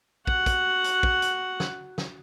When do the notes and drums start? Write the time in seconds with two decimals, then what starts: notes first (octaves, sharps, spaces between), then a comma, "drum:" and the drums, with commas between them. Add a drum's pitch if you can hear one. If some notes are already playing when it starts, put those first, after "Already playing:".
0.27 F#4 F#5, drum: kick
0.46 drum: kick, hi-hat
0.84 drum: hi-hat
1.03 drum: kick
1.22 drum: hi-hat
1.60 drum: snare
1.98 drum: snare